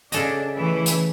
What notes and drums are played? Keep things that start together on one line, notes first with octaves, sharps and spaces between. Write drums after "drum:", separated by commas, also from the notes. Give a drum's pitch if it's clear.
C#3 D4 A4 D#5, drum: hi-hat
E3 A3 E4
drum: hi-hat